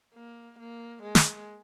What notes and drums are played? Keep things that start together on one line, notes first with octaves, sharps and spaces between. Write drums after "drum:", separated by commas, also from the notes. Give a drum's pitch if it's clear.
A#3
A#3
G#3
drum: snare